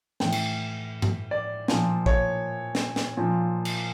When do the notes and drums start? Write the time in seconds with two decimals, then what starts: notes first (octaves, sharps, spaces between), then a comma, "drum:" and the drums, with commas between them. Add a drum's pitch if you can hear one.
0.20 A2 E3 G5, drum: snare
0.32 drum: cymbal
1.02 drum: tom G2
1.31 D5
1.68 A#2 F3, drum: snare
2.06 C#5, drum: kick
2.75 drum: snare
2.96 drum: snare
3.17 A#2 F3
3.65 drum: cymbal